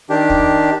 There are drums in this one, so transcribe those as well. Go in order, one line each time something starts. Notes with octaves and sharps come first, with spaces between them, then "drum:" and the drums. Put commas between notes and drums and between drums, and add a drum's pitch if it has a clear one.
D#3 D4 G4
drum: kick